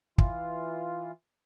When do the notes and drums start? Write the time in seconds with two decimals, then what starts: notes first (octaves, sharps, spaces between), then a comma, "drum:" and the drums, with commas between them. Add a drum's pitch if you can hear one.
0.18 E3 F4, drum: kick